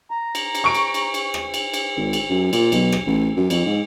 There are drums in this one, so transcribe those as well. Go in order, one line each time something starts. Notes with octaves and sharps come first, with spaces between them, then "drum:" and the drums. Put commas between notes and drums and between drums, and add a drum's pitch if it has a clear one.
A#5
drum: cymbal
drum: cymbal
C#6 D7
drum: cymbal
drum: cymbal
drum: cymbal
drum: rim click
drum: cymbal
drum: cymbal
G#1
drum: cymbal
F#2
A#2, drum: cymbal
B1, drum: cymbal
drum: rim click
A1
F#2
F2, drum: cymbal
G#2